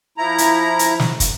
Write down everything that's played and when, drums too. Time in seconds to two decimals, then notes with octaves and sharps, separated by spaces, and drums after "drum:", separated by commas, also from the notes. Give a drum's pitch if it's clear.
0.18 F3 E4 A#5
0.38 drum: hi-hat
0.79 drum: hi-hat
1.00 drum: snare
1.20 drum: kick, hi-hat